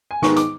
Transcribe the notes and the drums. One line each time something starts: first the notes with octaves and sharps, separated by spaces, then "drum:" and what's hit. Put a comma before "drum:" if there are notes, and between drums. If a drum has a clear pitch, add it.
G#5
G#2 D#3 G#3 B3 C#6, drum: snare
D6, drum: hi-hat